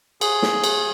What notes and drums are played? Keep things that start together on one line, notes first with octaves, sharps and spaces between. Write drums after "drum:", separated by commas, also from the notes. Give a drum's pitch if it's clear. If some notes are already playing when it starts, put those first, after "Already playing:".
G#4, drum: cymbal
drum: snare
drum: cymbal